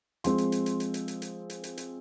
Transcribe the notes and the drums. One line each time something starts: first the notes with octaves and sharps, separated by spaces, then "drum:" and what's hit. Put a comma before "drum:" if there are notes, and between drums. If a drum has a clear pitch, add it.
F3 G#3 C4 C6, drum: hi-hat
drum: hi-hat
drum: hi-hat
drum: hi-hat
drum: hi-hat
drum: hi-hat
drum: hi-hat
drum: hi-hat
drum: hi-hat
drum: hi-hat
drum: hi-hat